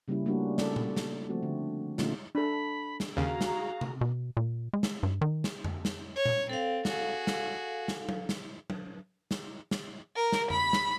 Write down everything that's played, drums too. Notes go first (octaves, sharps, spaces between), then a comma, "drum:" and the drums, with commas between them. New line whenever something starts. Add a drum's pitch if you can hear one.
C#3 G3 A#3 C#4 E4
G3 A3 A#3 C#4 D4 F#4
A4 D5, drum: snare
drum: tom A#2
drum: snare
F3 A3 C4 F#4
D3
A#2 D3 A3 C#4 D#4 F4, drum: snare
D4 A4 B5
drum: snare
D#2 C#3 F#4 G#4 F5 A#5
drum: snare
drum: tom C3
B2
A#2
G#3
drum: snare
G2
D#3
drum: snare
drum: tom F2
drum: snare
C#5
drum: tom A#2
C4 A4 F5
F#4 G#4, drum: snare
drum: snare
drum: snare
drum: tom F#3
drum: snare
drum: tom F#3
drum: snare
drum: snare
A#4
drum: snare
B5, drum: tom F2
drum: snare